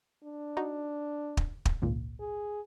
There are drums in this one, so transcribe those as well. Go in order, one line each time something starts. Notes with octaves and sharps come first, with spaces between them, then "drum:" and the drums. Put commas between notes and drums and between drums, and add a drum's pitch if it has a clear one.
D4
D#4 F#4
drum: kick
drum: kick
G#1 C#2 A#2
G#4